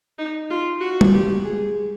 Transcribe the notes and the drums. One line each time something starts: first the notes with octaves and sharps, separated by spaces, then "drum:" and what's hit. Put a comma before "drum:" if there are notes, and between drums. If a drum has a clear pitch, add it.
D#4
F4
F#4
drum: tom G3
G4
G#4